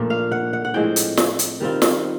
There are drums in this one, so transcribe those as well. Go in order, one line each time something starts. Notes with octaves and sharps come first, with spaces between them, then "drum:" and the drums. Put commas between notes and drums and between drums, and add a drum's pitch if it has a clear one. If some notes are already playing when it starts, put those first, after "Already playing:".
Already playing: A#2 F3 A3 D4
F5
F#5
F#5
F#5
A2 F3 G#3 C4 G5
drum: hi-hat
drum: snare
drum: hi-hat
D#3 G3 C4 F4
drum: snare